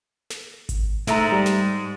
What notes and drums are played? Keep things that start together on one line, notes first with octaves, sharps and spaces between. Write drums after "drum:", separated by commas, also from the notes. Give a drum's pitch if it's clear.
drum: snare
drum: kick G#1, hi-hat
G#2 A3 E5 A#5, drum: snare
G3
drum: snare